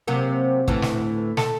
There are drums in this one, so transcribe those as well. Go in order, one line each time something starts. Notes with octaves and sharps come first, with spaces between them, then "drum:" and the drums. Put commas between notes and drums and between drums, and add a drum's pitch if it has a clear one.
C3 F#3 A#3
D2 A2 E3, drum: kick
drum: snare
A4, drum: snare